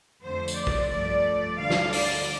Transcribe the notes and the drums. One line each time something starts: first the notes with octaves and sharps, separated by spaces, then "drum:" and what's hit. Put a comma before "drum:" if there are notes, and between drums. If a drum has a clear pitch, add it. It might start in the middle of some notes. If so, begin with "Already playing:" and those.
F2 D3 A3 C5
drum: tambourine
D5
drum: kick
G2 F3 A3 D5
D2 D3 G3 F5
drum: snare
D5, drum: open hi-hat